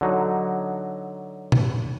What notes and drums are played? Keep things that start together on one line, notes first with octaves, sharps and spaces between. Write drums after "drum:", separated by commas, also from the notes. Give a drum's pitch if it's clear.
D3 F#3 D#4
drum: tom B2